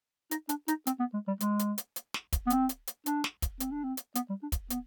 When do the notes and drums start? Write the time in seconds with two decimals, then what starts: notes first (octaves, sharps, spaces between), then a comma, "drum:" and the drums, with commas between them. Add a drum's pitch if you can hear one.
0.31 D#4, drum: hi-hat
0.49 D4, drum: hi-hat
0.68 D#4, drum: hi-hat
0.87 C4, drum: hi-hat
1.00 B3
1.14 G#3
1.28 G3
1.40 G#3, drum: hi-hat
1.59 drum: hi-hat
1.78 drum: hi-hat
1.96 drum: hi-hat
2.14 drum: snare
2.33 drum: kick, hi-hat
2.47 B3
2.50 C4, drum: hi-hat
2.69 drum: hi-hat
2.87 drum: hi-hat
3.06 D4, drum: hi-hat
3.24 drum: snare
3.42 drum: kick, hi-hat
3.60 C4, drum: hi-hat
3.72 D4
3.84 C4
3.97 drum: hi-hat
4.15 B3, drum: hi-hat
4.30 G3
4.43 D4
4.52 drum: kick, hi-hat
4.70 B3, drum: hi-hat